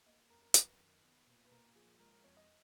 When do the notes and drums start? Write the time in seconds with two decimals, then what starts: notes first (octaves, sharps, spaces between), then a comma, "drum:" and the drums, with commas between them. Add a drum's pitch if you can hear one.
0.06 A#3 D#5
0.30 F#2 A#4
0.42 A#4
0.54 F#2 B4, drum: hi-hat
0.78 D#3
1.04 B3
1.27 A#2
1.45 B4
1.51 A#2 A#4
1.75 F3 G#4
1.99 G#3 A#4
2.12 A#4
2.24 F2 C#5
2.37 D#5